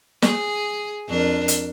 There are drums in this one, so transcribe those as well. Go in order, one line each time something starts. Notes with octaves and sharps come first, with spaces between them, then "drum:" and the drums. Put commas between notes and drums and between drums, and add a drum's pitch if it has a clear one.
G#4, drum: snare
F2 D4 A#4
drum: hi-hat